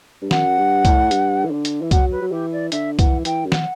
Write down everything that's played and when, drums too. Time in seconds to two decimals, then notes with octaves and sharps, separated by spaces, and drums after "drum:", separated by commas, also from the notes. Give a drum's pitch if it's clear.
0.22 G2
0.31 F#2 F#5, drum: snare
0.58 G2
0.85 A2, drum: kick, hi-hat
1.11 G2, drum: hi-hat
1.45 E3
1.51 D3
1.65 drum: hi-hat
1.82 E3
1.91 F#3 F#5, drum: kick, hi-hat
2.12 B4
2.22 F#3
2.32 E3 G4
2.52 D5
2.72 D3 E5, drum: hi-hat
2.99 E3 F#5, drum: kick, hi-hat
3.25 E3 G5, drum: hi-hat
3.45 F#2
3.52 F#5, drum: snare